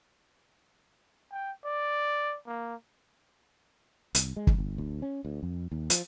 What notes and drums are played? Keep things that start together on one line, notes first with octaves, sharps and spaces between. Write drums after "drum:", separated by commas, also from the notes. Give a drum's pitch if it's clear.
G5
D5
A#3
C2, drum: hi-hat
G#3
drum: kick
G1
D2
C#4
D2
F2
D#2
F3, drum: hi-hat